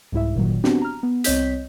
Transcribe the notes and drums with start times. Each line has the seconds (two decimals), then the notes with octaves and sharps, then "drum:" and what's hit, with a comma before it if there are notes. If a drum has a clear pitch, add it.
0.12 C2 G#2 E4 E5
0.35 G1 A#2 D#3 F#3
0.64 B3 C4 D4 F#4 G4, drum: snare
0.82 A#5 F6
1.03 B3
1.24 C2 C4 C#5 D#5 G6 B6, drum: hi-hat